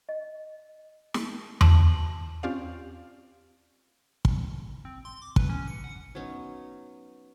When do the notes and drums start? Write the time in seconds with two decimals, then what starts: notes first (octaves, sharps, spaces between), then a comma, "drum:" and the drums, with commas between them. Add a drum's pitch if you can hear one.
0.09 D#5
1.14 drum: snare
1.61 A5 F#7, drum: tom E2
2.43 C4 C#4 F4 G4 D5 F5
4.25 drum: kick
4.85 C4
5.05 C6
5.22 D6
5.36 B4, drum: kick
5.50 C#4
5.68 C#7
5.84 F#5
6.15 F#3 B3 C#4 D#4